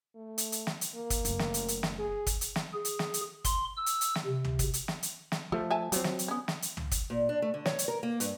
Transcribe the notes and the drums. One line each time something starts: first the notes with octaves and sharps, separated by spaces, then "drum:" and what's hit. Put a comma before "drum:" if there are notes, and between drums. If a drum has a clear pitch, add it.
A3
drum: hi-hat
drum: hi-hat
drum: snare
drum: hi-hat
A#3
drum: kick, hi-hat
F#1 A3, drum: hi-hat
drum: snare
drum: hi-hat
drum: hi-hat
drum: snare
G#4
drum: kick, hi-hat
drum: hi-hat
drum: snare
G#4
drum: hi-hat
drum: snare
drum: hi-hat
C6, drum: kick, hi-hat
E6
drum: hi-hat
drum: hi-hat
drum: snare
C3
drum: tom
drum: kick, hi-hat
drum: hi-hat
drum: snare
drum: hi-hat
drum: snare
F3 A3 A4
E5 G#5 A5
F3 F#3 C4, drum: hi-hat
drum: snare
drum: hi-hat
B3 C#4
drum: snare
drum: hi-hat
drum: tom
drum: kick, hi-hat
A#2
D4
A3
D3
C#5, drum: snare
drum: hi-hat
A#4
A#3
G2, drum: hi-hat